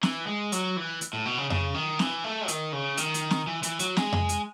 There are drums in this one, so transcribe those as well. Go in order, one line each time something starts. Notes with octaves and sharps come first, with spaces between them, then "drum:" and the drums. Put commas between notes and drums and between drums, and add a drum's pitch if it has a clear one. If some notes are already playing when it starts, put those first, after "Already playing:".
E3, drum: snare
G#3
F#3, drum: hi-hat
E3
drum: hi-hat
A2
B2
C#3
C#3, drum: tom F2
D#3
E3, drum: snare
A3
D#3, drum: hi-hat
C#3
D#3, drum: hi-hat
drum: hi-hat
drum: snare
E3
E3, drum: hi-hat
F#3, drum: hi-hat
G#3, drum: snare
drum: tom F2
drum: hi-hat